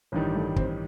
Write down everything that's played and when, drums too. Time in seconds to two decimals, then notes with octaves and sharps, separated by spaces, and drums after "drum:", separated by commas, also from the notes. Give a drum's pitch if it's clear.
0.12 A1 G2 D#3 G3
0.35 A3
0.56 C4, drum: kick